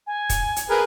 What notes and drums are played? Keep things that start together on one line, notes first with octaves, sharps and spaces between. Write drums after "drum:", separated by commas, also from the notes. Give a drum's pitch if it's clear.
G#5
drum: kick, hi-hat
drum: hi-hat
G#4 A#4 B4